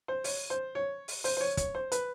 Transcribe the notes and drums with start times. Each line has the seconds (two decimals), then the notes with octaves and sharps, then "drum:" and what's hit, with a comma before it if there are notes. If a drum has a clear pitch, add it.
0.08 C5
0.24 C#5, drum: open hi-hat
0.50 C5
0.75 C#5
1.08 drum: open hi-hat
1.24 C5, drum: open hi-hat
1.37 C5
1.41 C#5
1.57 C#5, drum: kick, hi-hat
1.75 C5
1.92 B4, drum: hi-hat